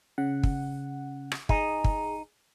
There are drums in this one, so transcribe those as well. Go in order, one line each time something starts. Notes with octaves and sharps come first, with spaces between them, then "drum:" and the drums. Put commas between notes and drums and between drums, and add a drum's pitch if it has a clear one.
C#3 F#5
drum: kick
drum: rim click
D#4 G#4, drum: kick
drum: kick